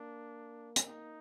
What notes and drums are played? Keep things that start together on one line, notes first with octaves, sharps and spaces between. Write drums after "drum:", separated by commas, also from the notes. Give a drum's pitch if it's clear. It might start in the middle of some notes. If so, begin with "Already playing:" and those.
Already playing: A#3 D4
drum: hi-hat
D#4